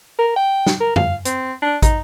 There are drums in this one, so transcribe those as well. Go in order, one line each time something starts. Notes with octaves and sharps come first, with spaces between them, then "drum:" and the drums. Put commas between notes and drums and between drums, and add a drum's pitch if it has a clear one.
A#4
G5
drum: snare
A#4
F5, drum: tom F2
C4, drum: hi-hat
D4
D#4, drum: kick, hi-hat